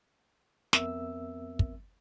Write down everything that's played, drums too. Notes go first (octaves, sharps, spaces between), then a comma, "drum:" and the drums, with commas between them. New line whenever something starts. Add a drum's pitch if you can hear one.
F2 B3 C4 A#4 E5 E6, drum: snare
drum: kick